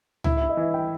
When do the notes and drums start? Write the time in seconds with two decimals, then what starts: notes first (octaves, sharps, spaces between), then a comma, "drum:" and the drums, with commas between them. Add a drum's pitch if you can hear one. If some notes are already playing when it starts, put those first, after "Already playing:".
0.24 E4, drum: tom C#2
0.37 E4 E5
0.49 D#5
0.57 E3 E5
0.74 G5